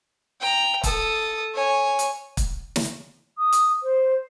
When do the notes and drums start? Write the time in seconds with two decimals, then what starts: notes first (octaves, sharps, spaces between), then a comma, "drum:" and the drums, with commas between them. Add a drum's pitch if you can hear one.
0.41 G5 A#5
0.83 A4 D#6, drum: kick, hi-hat
1.54 C#5 G#5
1.99 drum: hi-hat
2.37 drum: kick, hi-hat
2.76 drum: snare
3.38 D#6
3.53 drum: hi-hat
3.83 C5